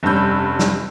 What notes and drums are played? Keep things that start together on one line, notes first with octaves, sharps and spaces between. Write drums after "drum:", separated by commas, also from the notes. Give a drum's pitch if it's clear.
F1 G2 G3 C#4 E6 G6
drum: snare